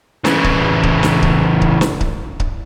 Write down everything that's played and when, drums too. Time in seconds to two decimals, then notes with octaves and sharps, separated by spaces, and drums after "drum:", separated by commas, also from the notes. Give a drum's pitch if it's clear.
0.25 C#3 E3, drum: snare
0.44 drum: kick C#1
0.83 drum: kick C#1
1.03 drum: snare
1.22 drum: kick C#1
1.61 drum: kick C#1
1.81 drum: snare
2.01 drum: kick C#1
2.40 drum: kick C#1